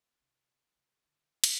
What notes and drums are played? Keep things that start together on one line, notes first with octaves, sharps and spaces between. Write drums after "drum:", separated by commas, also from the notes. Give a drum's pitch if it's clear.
C3
C3
D3
A3, drum: cymbal